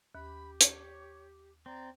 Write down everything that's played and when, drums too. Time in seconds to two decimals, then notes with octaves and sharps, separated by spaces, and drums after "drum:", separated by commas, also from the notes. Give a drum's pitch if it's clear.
0.15 D#2 G4 B5
0.61 C#5, drum: hi-hat
1.66 C4 D5 A#5